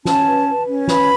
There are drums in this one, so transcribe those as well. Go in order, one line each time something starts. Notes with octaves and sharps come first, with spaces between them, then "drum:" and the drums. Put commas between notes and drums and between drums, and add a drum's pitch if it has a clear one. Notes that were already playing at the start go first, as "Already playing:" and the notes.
C#4 A5, drum: snare
B4
B4
C#4
B4 B5, drum: snare